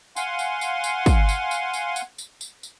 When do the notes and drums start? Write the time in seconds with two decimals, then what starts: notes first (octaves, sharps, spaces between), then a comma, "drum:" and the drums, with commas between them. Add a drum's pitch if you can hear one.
0.16 F5 F#5 G#5 C6, drum: tambourine
0.39 drum: tambourine
0.61 drum: tambourine
0.84 drum: tambourine
1.06 drum: kick, tambourine
1.29 drum: tambourine
1.51 drum: tambourine
1.74 drum: tambourine
1.96 drum: tambourine
2.18 drum: tambourine
2.41 drum: tambourine
2.63 drum: tambourine